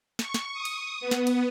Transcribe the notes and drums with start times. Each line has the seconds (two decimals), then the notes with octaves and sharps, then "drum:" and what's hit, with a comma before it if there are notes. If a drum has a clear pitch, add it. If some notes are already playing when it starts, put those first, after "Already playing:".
0.19 C#6, drum: snare
0.34 drum: snare
0.53 D#6
0.65 drum: cymbal
1.00 B3
1.11 drum: snare
1.27 drum: cymbal